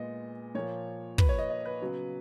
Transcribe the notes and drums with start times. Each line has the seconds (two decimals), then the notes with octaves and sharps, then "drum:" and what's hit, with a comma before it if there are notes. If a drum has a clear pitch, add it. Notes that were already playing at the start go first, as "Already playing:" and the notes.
Already playing: A#2 G#3 B3 D#5
0.55 A#2 F3 A#3 C#5
1.18 B4, drum: kick
1.29 C#5
1.38 D#5
1.50 D#5
1.65 B4
1.81 C#3 F#3 B3